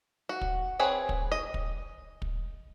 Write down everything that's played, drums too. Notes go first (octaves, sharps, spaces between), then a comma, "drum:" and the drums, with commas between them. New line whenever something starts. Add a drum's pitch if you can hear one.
F#4
drum: kick
C4 G#4 B4 C#5
drum: kick
D#5
drum: kick
drum: kick